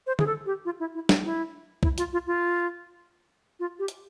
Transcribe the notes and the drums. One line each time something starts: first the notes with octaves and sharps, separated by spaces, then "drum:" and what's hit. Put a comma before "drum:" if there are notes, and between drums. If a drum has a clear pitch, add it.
C5
G#4, drum: tom D3
A4
G4
F4
E4
E4
D#4, drum: snare
E4
E4, drum: kick
F4, drum: hi-hat
F4
F4
F4
G4
drum: hi-hat